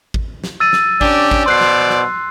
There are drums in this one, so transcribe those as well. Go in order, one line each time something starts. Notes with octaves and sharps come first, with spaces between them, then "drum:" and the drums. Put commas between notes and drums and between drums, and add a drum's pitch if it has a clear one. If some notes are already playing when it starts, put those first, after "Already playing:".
drum: kick G#1
drum: snare
E6 A6 D#7
drum: snare
C#4 D4 G4, drum: kick G#1
drum: kick G#1
B2 C5 D5 C6 F#6 C7
drum: snare
drum: snare